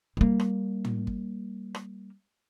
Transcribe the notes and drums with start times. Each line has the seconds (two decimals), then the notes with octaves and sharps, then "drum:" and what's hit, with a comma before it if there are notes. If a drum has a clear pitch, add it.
0.17 G3 A#3
0.40 drum: rim click
0.85 drum: tom
1.07 drum: kick
1.75 drum: rim click